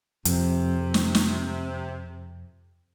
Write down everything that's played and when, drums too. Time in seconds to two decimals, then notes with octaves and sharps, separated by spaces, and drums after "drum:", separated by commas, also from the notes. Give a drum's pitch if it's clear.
0.25 F2 C3, drum: hi-hat
0.94 drum: snare
1.15 drum: snare